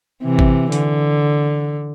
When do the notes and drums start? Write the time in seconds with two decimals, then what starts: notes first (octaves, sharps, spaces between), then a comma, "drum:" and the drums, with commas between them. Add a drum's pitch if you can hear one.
0.24 C3 E3
0.39 drum: kick G#1
0.72 D3, drum: hi-hat